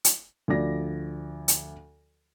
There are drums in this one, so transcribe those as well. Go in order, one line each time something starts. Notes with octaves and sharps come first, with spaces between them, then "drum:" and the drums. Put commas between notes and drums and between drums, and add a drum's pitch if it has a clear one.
drum: hi-hat
D2 F3 D5 A#6
drum: hi-hat